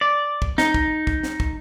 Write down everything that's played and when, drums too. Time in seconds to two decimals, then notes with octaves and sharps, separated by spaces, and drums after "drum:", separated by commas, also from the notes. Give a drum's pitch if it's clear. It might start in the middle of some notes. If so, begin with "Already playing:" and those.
0.01 D5
0.42 drum: kick
0.58 D#4, drum: snare
0.74 drum: kick
1.07 drum: kick
1.23 drum: snare
1.40 drum: kick